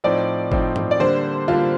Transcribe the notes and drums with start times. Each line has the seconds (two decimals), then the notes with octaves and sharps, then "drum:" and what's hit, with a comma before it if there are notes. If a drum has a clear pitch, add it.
0.04 A2 F3 C4 D#4 D5
0.52 A2 F3 C4 D#4, drum: kick G1
0.76 drum: tom G2
0.91 D5
1.00 D3 G3 A#3 D4 C5
1.48 D3 G3 A#3 D4 F4